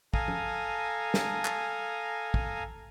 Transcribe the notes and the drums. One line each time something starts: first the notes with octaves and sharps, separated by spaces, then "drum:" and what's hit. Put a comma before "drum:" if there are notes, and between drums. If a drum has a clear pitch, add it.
A4 F5 G#5 A#5 D#6, drum: kick
drum: tom F3
drum: snare
drum: clap
drum: kick